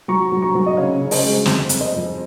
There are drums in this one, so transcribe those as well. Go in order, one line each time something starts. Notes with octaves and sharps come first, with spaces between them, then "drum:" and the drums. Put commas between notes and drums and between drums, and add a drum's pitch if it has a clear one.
F#3 A#5 C#6
F#3
A#5 C#6
F#3
D#5
C#3 C#5 F5
C#3
C5 D#5, drum: open hi-hat
G#3
F2, drum: snare
F2, drum: hi-hat
C5 D#5
F3